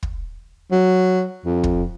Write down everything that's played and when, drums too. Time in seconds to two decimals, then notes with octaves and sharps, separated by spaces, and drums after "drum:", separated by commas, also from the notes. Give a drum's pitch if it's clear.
0.03 drum: kick
0.72 F#3
1.45 F2
1.64 drum: kick